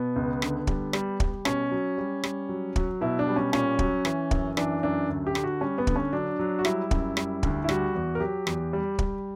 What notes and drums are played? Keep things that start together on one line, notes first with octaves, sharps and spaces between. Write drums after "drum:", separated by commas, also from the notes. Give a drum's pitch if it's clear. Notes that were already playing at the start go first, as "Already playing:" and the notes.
Already playing: B2 B3
C#2
D3, drum: rim click
G3, drum: kick
G3, drum: rim click
G3, drum: kick
B2 C#4, drum: rim click
F#3
G3
G3, drum: rim click
F#3
F#3, drum: kick
B2 E4
D4
G3
C#4
A#2 C#4, drum: rim click
F#3, drum: kick
E3, drum: rim click
F#2, drum: kick
E3 D4, drum: rim click
F#2 D4
D2
G4
D3, drum: rim click
F#4
G3 C#4
B3
D3, drum: kick
C#4
F#3 D4
F#3
F#4
G3 E4, drum: rim click
F#2, drum: kick
G3, drum: rim click
D2, drum: kick
E4
G3 F#4, drum: rim click
E2
A#4
F#3 G4
E2, drum: rim click
G3
G3, drum: kick